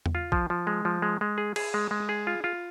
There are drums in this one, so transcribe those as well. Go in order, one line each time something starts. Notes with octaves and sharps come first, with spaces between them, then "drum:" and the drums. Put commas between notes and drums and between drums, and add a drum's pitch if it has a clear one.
drum: tom E2
F4
F3, drum: kick A#1
F3
G#3
F3
G#3
G#3
G#4
G#4, drum: cymbal
G#3
G#3
G#4
F4
F4